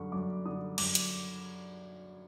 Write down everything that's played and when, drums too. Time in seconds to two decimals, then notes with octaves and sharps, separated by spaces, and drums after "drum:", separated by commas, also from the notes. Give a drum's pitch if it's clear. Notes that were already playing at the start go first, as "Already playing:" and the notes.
Already playing: F#2 D3 G3 C#6
0.12 F#2 D6
0.45 D3 G3 D#6
0.78 F#2 D6, drum: cymbal
0.95 drum: hi-hat